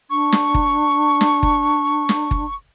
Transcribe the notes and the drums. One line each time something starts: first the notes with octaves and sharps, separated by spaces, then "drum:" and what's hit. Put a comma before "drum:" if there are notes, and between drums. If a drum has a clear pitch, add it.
D4 C#6
drum: snare
drum: kick
drum: snare
drum: kick
drum: snare
drum: kick